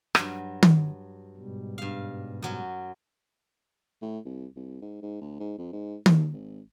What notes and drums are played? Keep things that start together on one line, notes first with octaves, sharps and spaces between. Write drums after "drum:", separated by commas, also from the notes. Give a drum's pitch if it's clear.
G2 F#3, drum: rim click
drum: tom D#3
G#2 B2 G3
G2 F5
F#2 F#3 C#4
A2
C2
C2
G#2
G#2
D2
G#2
F2
G#2
D#2, drum: tom D#3
G#1